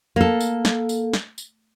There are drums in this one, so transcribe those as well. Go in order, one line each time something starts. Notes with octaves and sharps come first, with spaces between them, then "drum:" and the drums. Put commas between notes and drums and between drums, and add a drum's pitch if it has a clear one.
A#3 A4
drum: tambourine
drum: snare
drum: tambourine
drum: snare
drum: tambourine